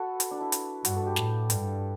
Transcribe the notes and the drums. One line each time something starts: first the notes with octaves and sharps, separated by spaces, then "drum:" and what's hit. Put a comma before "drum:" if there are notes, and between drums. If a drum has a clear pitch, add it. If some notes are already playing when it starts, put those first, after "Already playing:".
Already playing: F#4 A4 B4
drum: hi-hat
D4
E4
drum: hi-hat
G2 F#4, drum: hi-hat
A4
G4
A2, drum: snare
G2, drum: hi-hat